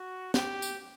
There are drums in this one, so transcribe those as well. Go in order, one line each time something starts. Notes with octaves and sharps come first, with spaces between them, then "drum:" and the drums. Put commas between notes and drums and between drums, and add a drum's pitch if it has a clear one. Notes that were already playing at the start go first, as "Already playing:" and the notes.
Already playing: F#4
G4, drum: snare
drum: tambourine